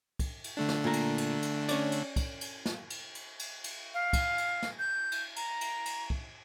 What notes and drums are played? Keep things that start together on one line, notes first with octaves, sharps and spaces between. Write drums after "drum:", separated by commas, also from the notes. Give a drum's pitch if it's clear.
drum: kick, cymbal
drum: cymbal
D3 A3 D4
drum: snare
A#2 A#4
drum: cymbal
drum: cymbal
drum: cymbal
C#4 C#5 D5, drum: cymbal
drum: cymbal
drum: kick, cymbal
drum: cymbal
drum: snare
drum: cymbal
drum: cymbal
drum: cymbal
drum: cymbal
F5
drum: kick, cymbal
drum: cymbal
drum: snare
G6
drum: cymbal
A#5, drum: cymbal
drum: cymbal
drum: cymbal
drum: kick